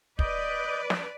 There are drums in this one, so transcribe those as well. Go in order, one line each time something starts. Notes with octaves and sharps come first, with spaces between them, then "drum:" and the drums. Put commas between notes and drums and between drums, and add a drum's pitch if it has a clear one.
B4 D5 D#5 G6, drum: kick
drum: snare